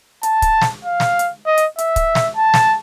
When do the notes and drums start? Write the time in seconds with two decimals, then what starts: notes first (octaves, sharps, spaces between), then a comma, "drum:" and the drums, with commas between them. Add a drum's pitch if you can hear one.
0.23 A5, drum: hi-hat
0.42 drum: kick, hi-hat
0.61 drum: snare
0.85 F5
1.00 drum: snare
1.19 drum: hi-hat
1.46 D#5
1.58 drum: hi-hat
1.78 E5, drum: hi-hat
1.96 drum: kick, hi-hat
2.15 drum: snare
2.36 A5
2.54 drum: snare